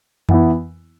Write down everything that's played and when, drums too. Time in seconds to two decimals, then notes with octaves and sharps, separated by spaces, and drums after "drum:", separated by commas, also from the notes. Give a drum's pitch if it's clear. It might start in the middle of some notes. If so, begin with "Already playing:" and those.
0.29 E3 B3 E4, drum: tom F2